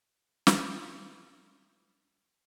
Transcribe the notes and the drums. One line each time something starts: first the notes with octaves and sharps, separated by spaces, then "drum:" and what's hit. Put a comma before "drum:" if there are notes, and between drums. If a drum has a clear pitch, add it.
B2 F#3 A3 C#4
drum: snare
B3